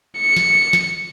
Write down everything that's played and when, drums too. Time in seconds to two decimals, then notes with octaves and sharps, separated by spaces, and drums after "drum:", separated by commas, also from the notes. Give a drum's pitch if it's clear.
0.18 C#7
0.37 drum: snare
0.73 drum: snare